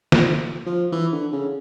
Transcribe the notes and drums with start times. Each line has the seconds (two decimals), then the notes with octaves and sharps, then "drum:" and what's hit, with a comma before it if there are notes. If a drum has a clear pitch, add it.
0.12 F3, drum: snare
0.66 F3
0.92 E3
1.12 D3
1.32 C#3